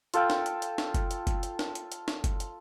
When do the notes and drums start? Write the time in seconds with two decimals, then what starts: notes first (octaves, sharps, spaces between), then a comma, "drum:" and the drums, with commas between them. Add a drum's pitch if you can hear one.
0.14 F4 A4 F5 G5, drum: hi-hat
0.30 drum: snare
0.46 drum: hi-hat
0.62 drum: hi-hat
0.78 drum: snare
0.94 drum: kick F#1, hi-hat
1.11 drum: hi-hat
1.27 drum: kick F#1, hi-hat
1.43 drum: hi-hat
1.59 drum: snare
1.75 drum: hi-hat
1.92 drum: hi-hat
2.08 drum: snare
2.24 drum: kick F#1, hi-hat
2.40 drum: hi-hat